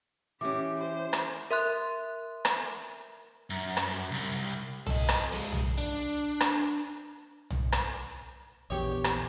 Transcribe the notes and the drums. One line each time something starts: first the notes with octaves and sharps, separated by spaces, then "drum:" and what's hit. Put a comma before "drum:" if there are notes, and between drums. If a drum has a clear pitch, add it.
E3 C#4 G4 D6
C5
drum: rim click
A#4 E5 C6 F#6
drum: rim click
F#2
drum: rim click
C2
A4 D#5, drum: tom
drum: rim click
F3 G#3
drum: tom
D4
drum: rim click
drum: tom
drum: rim click
A#1 E2 B3 G4 C#5
drum: rim click